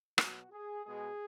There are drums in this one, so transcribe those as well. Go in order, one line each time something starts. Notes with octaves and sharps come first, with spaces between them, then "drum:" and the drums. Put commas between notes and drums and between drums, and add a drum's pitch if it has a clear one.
B2 F#3 F#4, drum: rim click
G#4
B2 G#3 G#4